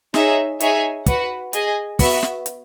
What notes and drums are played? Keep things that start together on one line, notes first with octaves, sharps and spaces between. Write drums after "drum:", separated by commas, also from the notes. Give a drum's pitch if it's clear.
D#4 G#4 C#5 E5, drum: snare
D#4 G#4 C#5 E5 G#5, drum: hi-hat
F#4 B4 F#5, drum: kick, hi-hat
G#4 D#5 G#5, drum: hi-hat
B3 F#4 B4 E5, drum: kick, open hi-hat
drum: snare
drum: hi-hat